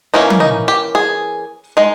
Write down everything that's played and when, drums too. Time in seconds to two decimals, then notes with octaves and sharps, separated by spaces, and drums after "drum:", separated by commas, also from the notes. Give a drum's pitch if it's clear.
0.14 E3 A#3 C#4 D#4
0.30 drum: tom F3
0.40 D#4
0.68 G4
0.95 G#4
1.77 G#3 D#4